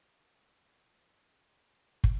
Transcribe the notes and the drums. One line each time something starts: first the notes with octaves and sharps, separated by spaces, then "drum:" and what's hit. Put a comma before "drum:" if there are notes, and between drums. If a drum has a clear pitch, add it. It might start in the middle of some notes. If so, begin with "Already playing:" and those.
B2 A5
G3 G5
B2
G3
B2
G3
B2 G5
F5
G3 E5
F5
B2 F5
drum: kick